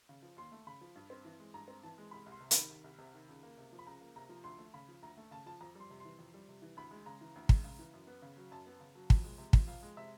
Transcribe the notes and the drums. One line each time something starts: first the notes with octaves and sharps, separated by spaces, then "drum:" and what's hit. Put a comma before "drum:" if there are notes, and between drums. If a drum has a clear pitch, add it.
C#3
F3
D#2 C6
A3
C#3 B5
F3
G2
C4
E3
G#3
G2 A#5
C4
E3 A5
G#3
C2 B5
C2
C6
C3
B5, drum: hi-hat
D#3
C2
C2
C3
D#3
C#2
A#3
C3
F3
B5
C#2 A#5
A#3
C3 A#5
F3
D2 C6
A3
C#3 B5
F3
D2 A#5
A3
C#3 A5
F3 A5
F2 A#5
G3 C6
C3
E3 C6
F2
G3
C3
E3
D2 B5
G#3
C#3 A#5
E3
D2
G#3, drum: kick
C#3
E3
F#2
B3
C#3
F#3
F#2 A5
B3
C#3
F#3
F2, drum: kick
G#3
C3
F3, drum: kick
F2 F5
G#3
C3 E5